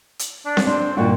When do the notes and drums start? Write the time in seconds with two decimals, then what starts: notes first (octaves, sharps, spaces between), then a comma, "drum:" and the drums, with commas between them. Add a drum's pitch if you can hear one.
0.19 drum: hi-hat
0.46 D4
0.57 drum: snare C4
0.67 C4 D4
0.97 G2 A#2 D#3 F#4